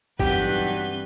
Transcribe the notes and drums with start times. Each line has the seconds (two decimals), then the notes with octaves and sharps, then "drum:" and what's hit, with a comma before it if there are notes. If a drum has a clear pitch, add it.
0.19 B1 G2 E3 C4 G4 B4 F#5, drum: kick G#1